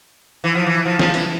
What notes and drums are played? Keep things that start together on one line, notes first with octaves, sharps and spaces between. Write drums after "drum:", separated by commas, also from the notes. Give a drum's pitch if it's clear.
E3
F3
E3
F3
F3, drum: snare
E3, drum: hi-hat